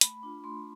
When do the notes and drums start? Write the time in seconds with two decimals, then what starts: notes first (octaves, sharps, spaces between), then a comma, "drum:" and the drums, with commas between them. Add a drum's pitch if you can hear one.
0.01 A3 B5, drum: hi-hat
0.23 D4 F4
0.44 A3 C6